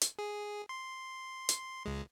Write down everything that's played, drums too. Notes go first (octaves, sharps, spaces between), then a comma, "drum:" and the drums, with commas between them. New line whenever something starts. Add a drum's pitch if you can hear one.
drum: hi-hat
G#4
C6
drum: hi-hat
C#2 G#3